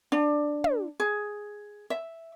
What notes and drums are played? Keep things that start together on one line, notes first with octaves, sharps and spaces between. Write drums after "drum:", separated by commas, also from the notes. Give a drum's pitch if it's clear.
D4
drum: tom
G#4
E5